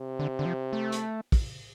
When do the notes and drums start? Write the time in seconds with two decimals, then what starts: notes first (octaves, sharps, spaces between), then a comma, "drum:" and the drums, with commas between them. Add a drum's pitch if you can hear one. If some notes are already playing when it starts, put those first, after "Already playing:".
Already playing: C3
0.19 D3
0.39 D3
0.45 F3
0.73 A3
0.92 drum: hi-hat
1.32 drum: kick, open hi-hat